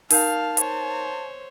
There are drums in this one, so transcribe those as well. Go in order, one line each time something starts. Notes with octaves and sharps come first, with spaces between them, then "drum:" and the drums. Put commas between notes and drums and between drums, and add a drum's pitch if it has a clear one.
D#4 A#4 F5 A5 G6, drum: open hi-hat
C5 C#5, drum: hi-hat